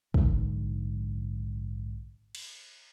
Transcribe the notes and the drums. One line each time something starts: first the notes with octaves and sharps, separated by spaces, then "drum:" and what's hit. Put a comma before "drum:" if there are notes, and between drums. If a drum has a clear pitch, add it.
A#1 G#2 D3, drum: kick
drum: cymbal